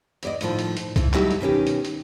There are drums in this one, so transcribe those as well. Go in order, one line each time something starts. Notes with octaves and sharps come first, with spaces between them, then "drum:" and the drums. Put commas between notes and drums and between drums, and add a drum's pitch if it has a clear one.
E2 D5 D#5, drum: hi-hat
D#2 A2 F3, drum: hi-hat
drum: hi-hat
drum: hi-hat
E3 F3, drum: kick, hi-hat
F#3 G3 A3 D#4 E4 G4, drum: clap
drum: hi-hat
B2 D#3 C#4 G4
drum: hi-hat
drum: hi-hat